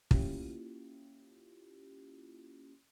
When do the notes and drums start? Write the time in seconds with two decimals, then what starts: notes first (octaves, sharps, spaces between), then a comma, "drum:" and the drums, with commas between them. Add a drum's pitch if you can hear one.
0.11 A#3 C#4 E4 F4 G4, drum: kick